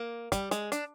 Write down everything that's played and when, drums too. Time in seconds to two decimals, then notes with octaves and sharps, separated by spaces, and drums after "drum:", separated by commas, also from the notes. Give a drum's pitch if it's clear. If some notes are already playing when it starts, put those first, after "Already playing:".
Already playing: A#3
0.32 G3, drum: kick, hi-hat
0.51 G#3, drum: hi-hat
0.72 D4, drum: hi-hat